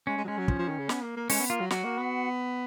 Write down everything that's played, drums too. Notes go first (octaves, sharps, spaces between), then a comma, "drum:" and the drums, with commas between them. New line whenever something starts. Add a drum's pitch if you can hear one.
G#3 C#4
G#3
F#3
G#3 C#4
F#3
F3, drum: kick
F3
D#3
C#3
B3, drum: snare
A#3
A#3
G#3 C#4, drum: open hi-hat
B3
A#3 F4
F#3
F#3 F#4, drum: snare
A#3
B3